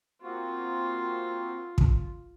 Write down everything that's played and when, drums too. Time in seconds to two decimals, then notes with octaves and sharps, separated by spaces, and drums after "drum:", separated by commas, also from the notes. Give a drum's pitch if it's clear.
0.22 A#3 C4 F4 F#4
1.78 drum: kick